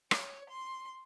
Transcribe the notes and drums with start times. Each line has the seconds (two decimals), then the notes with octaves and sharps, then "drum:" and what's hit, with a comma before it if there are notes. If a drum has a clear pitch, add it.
0.11 C#5, drum: rim click
0.49 C6